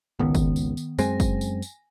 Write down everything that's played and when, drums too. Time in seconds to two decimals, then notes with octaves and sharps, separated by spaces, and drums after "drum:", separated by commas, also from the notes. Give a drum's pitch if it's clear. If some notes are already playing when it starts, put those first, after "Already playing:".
0.19 G#1 C#2 D#3 B3
0.35 drum: kick, tambourine
0.56 drum: tambourine
0.77 drum: tambourine
0.99 F#2 G#3 C4 G#5 A#6, drum: tambourine
1.20 drum: kick, tambourine
1.41 drum: tambourine
1.62 drum: tambourine